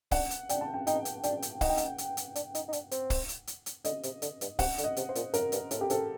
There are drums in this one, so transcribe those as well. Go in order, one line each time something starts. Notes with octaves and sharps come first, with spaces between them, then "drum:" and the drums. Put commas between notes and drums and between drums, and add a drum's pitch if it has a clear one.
D4 F#5, drum: kick, open hi-hat
drum: hi-hat
D4 G5, drum: hi-hat
A5
G5
D#4 G5, drum: hi-hat
drum: hi-hat
D4 G5, drum: hi-hat
drum: hi-hat
D#4 F#5, drum: kick, open hi-hat
G5
F#5, drum: hi-hat
drum: hi-hat
drum: hi-hat
D4, drum: hi-hat
D#4, drum: hi-hat
D#4
D4, drum: hi-hat
C4, drum: hi-hat
drum: kick, open hi-hat
drum: hi-hat
drum: hi-hat
drum: hi-hat
D3 D#5, drum: hi-hat
C3, drum: hi-hat
D3, drum: hi-hat
G2, drum: hi-hat
C3 F#5, drum: kick, open hi-hat
D3, drum: hi-hat
D#5
C3, drum: hi-hat
C5
A#2, drum: hi-hat
F#2 A#4, drum: hi-hat
G2, drum: hi-hat
A2 A4, drum: hi-hat
G4
C3 A4, drum: hi-hat